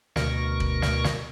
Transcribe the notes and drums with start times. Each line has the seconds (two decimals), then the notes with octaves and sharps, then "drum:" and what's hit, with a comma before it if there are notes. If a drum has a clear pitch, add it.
0.16 D2 B2 A#4 C#6, drum: snare
0.60 drum: kick
0.82 drum: snare
1.04 drum: snare